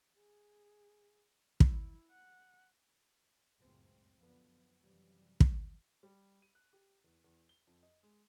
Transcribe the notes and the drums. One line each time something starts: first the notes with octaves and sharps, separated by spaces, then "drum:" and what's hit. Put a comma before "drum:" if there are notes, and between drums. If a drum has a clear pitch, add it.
G#4
E4, drum: kick
F#5
F1 C#2 F#2 A2 C4
F#2 D3 F3 B3
F#2 C3 E3 F3 G3
drum: kick
G3
D#7
F#6
G4
E2
E2
G7
F2
D#5
G#3